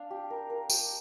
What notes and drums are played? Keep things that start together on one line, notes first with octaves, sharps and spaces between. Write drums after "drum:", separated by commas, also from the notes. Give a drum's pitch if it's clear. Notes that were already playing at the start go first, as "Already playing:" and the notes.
Already playing: D4 F5
G4
A#4
A#4
G4, drum: tambourine